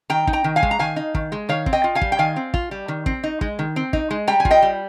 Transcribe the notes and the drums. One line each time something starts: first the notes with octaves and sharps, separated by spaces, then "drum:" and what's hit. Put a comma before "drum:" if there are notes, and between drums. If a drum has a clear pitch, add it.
D#3 G5 A#5
D#4, drum: kick
G5 A#5
D#3
F5 G#5
G#3, drum: kick
A#5
D#3 F5 G#5
D#4
D#3, drum: kick
G#3
D#3 C#5 F5
C4, drum: kick
D#5 G5
F4
F5 G#5
G3, drum: kick
G5
D#3 F5 G#5
C4
F4, drum: kick
G3
D#3
C4, drum: kick
D#4
G#3, drum: kick
D#3
C4
D#4, drum: kick
G#3
G3 G5 A#5
G#5
F4, drum: kick
D#5 G5
G3